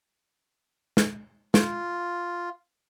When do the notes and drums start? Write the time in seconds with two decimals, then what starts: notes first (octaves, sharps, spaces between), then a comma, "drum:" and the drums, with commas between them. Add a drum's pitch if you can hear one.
0.97 drum: snare
1.54 F4, drum: snare